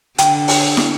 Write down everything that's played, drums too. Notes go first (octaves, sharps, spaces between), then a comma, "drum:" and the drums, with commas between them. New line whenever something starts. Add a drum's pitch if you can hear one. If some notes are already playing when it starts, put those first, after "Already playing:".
D3 G5, drum: hi-hat
drum: open hi-hat
drum: snare